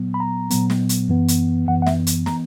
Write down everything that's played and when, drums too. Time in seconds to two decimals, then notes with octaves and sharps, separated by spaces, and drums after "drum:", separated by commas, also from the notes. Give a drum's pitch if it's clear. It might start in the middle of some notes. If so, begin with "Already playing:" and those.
Already playing: A#2 F#3 B3
0.14 B5
0.20 A#5
0.50 A#2 F#3 B3, drum: hi-hat
0.70 drum: snare
0.89 drum: hi-hat
1.08 F#2 E3 B3
1.28 drum: hi-hat
1.67 F#2 E3 B3 F#5
1.82 F#5
1.86 E5, drum: snare
2.07 drum: hi-hat
2.26 E3 B3 A#5, drum: snare